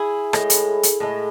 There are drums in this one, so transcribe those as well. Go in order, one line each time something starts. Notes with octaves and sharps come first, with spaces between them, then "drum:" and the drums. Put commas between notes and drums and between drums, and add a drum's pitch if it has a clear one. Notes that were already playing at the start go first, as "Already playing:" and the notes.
Already playing: E4 G#4
A2 G#3, drum: rim click
drum: hi-hat
drum: hi-hat
A2 G#3